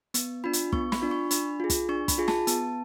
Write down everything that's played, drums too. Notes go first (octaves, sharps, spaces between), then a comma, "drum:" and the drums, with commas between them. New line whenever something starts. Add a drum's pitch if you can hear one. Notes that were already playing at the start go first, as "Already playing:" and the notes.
B3, drum: hi-hat
D4 F4 B5
drum: hi-hat
B3 C#6, drum: kick
B5, drum: snare
D4 F4
C#6
D4 B5, drum: hi-hat
F4 G#4
drum: kick, hi-hat
D4 C#6
B5, drum: kick, hi-hat
F4 G#4
A5, drum: snare
B3 A5, drum: hi-hat